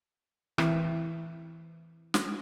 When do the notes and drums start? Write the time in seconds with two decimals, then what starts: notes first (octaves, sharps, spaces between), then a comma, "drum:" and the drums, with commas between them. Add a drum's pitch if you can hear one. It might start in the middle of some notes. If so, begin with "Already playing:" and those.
0.58 E3 C4 E4, drum: rim click
2.14 drum: snare